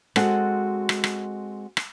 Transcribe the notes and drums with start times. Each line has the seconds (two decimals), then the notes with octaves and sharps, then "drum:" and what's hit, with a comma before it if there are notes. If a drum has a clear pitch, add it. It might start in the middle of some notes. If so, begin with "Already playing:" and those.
0.16 G#3 C4 F#4 A4 D#5 F#5, drum: rim click
0.89 drum: rim click
1.04 drum: rim click
1.77 drum: rim click